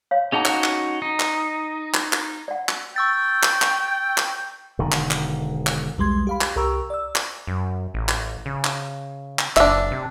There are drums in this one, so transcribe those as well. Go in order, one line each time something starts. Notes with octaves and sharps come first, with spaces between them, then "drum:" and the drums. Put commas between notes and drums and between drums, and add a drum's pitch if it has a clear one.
C#5 F5
C#4 D#4 F#4 G#4 A5
drum: clap
drum: clap
D#4
drum: clap
drum: clap
drum: clap
D5 F#5
drum: clap
G5 C#6 E6 A6
drum: clap
drum: clap
drum: clap
E1 D3 D#3
drum: clap
drum: clap
drum: clap
B1 E2 G3 G#3 C6 G#6
G4 F5 B5
drum: clap
C2 G4 A#4 A#5 C#6 E6
D5 E6
drum: clap
F#2
A1
drum: clap
C#3
drum: clap
drum: clap
F#1 D4 E5, drum: clap
C3